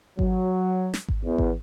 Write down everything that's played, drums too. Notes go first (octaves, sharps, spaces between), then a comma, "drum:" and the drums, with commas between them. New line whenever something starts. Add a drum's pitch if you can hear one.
F#3, drum: kick G#1
drum: snare
drum: kick G#1
E2
drum: kick G#1